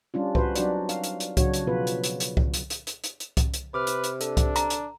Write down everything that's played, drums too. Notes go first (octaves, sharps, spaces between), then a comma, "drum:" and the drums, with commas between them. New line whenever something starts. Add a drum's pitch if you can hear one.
G3 C#4 D4 F4
F#4 B4 C5, drum: kick C2
F#3 C4 D4 D#4 F#4 D5, drum: hi-hat
F5, drum: hi-hat
drum: hi-hat
drum: hi-hat
C#3 F#3 D4 F#4 C#5, drum: kick C2, hi-hat
drum: hi-hat
B2 F3 B3 F4 F#4 B4
drum: hi-hat
drum: hi-hat
drum: hi-hat
drum: kick C2
drum: hi-hat
drum: hi-hat
drum: hi-hat
drum: hi-hat
drum: hi-hat
drum: kick C2, hi-hat
drum: hi-hat
C3 B4 D6 F6
drum: hi-hat
drum: hi-hat
D4 A4, drum: hi-hat
drum: kick C2, hi-hat
A#5, drum: hi-hat
drum: hi-hat